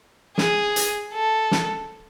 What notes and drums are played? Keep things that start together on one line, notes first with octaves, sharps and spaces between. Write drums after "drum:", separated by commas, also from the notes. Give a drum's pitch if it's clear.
G#4, drum: snare
drum: hi-hat
A4
drum: snare